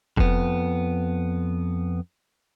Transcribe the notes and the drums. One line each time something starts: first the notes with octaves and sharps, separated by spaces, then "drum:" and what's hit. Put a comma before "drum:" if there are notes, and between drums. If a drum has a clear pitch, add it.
F2 B3, drum: kick F1